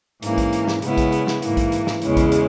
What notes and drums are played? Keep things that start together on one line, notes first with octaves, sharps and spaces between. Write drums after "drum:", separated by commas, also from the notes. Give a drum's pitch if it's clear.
G#2 E3 A#3 C#4, drum: hi-hat
drum: kick, hi-hat
drum: hi-hat
drum: snare
C#3 G#3 B3 E4, drum: hi-hat
drum: kick, hi-hat
drum: hi-hat
drum: snare
G#2 E3 A#3, drum: hi-hat
drum: kick, hi-hat
drum: hi-hat
drum: snare
E2 C#3 G#3 C#4 E4, drum: hi-hat
drum: kick, hi-hat
drum: hi-hat